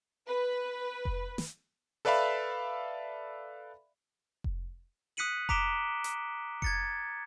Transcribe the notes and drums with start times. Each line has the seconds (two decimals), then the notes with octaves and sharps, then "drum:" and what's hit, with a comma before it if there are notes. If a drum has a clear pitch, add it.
0.27 B4
1.05 drum: kick F1
1.38 drum: snare
2.05 A4 B4 D5 E5 F5 B5
4.44 drum: kick F1
5.17 D#6 F#6 B6 C#7 D#7 F#7
5.49 A#5 D6 B6 D7 E7 G7, drum: kick F1
6.04 drum: hi-hat
6.62 G#6 A6 C#7, drum: kick F1